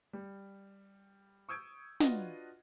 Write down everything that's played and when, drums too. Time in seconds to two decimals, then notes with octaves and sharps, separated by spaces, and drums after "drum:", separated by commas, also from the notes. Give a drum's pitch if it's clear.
0.13 G3
1.49 C#6 D#6 E6 G6 G#6 D7
2.00 D4 F4 F#4 B4 D#5 F#5, drum: snare